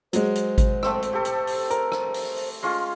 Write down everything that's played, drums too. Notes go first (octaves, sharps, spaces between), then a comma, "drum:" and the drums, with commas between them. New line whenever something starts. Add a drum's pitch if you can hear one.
F#3 G#3 C5, drum: hi-hat
drum: hi-hat
drum: kick G#1, hi-hat
A3 C4 E6, drum: rim click
drum: hi-hat
G4 A4
drum: hi-hat
drum: open hi-hat
A#4, drum: hi-hat
drum: rim click
drum: open hi-hat
drum: open hi-hat
G#3 C#4 F4